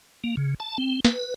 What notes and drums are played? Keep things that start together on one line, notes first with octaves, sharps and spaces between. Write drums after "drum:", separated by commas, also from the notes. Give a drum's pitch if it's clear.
A#3
C#3
A5
C4
B4, drum: snare